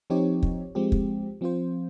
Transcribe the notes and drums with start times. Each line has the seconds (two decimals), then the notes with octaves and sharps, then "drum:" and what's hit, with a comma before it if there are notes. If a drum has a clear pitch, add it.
0.10 F3 C4 D#4 G4 C#5
0.43 drum: kick
0.75 F3 G#3 C4 G4
0.92 drum: kick
1.41 F3 C4 F4 C5